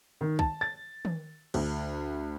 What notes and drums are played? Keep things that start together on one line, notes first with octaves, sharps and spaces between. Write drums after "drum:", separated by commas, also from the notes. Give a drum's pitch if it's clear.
D#3
A5, drum: kick
A6
drum: tom D#3
D2, drum: cymbal